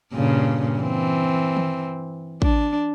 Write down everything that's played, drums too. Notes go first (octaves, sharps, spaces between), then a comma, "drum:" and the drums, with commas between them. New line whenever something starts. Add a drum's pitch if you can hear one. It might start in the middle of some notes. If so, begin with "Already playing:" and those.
G2 A#2 C#3
E3 C4
drum: tom D#3
D4, drum: kick